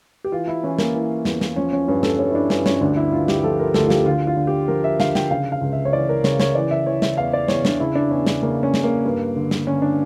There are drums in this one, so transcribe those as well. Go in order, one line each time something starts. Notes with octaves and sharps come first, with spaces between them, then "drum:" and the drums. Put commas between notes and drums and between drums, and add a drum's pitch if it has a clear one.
G4
E3 F4
E4
E3 C#4
A#3, drum: snare
E3
E2, drum: snare
drum: snare
F3 C#4
C#4
G2 C#4
A4, drum: snare
G2 C#5
E4
D4
G2 C#4, drum: snare
C#4, drum: snare
D2 D4
E4
D2 F4
G4, drum: snare
G4
F3 A4
A#4
D2 A4, drum: snare
F4
G4, drum: snare
D3 F4
F4
D3
G4
F3 A#4
E5
D3 F5, drum: snare
G5, drum: snare
C#3 F5
F5
C#2
E5
C#5
E3 D5
A#4
C#3 C#5, drum: snare
C#5, drum: snare
E3 D5
E5
E3 C#5
E5, drum: snare
E2 F5
D5
E2 C#5, drum: snare
D4, drum: snare
C#3 E4
D4
E2 C#4
D4, drum: snare
C#3 A#3
C#4
C#3, drum: snare
A#3
G2
D3
drum: snare
D3 C#4
D4